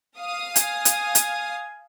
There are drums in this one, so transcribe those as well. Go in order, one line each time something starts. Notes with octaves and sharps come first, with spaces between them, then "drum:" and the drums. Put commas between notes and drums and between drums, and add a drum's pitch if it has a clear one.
F5 D#6
G#5, drum: hi-hat
drum: hi-hat
drum: hi-hat